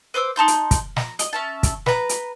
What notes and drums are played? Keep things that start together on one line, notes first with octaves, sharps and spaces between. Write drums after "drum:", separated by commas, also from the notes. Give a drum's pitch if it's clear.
B4 C5 D6 E6
D#4 A5 C6 G6
drum: hi-hat
drum: kick, hi-hat
A#5, drum: snare
D#5, drum: hi-hat
C#4 E5 A5
drum: kick, hi-hat
B4 A#5, drum: snare
drum: hi-hat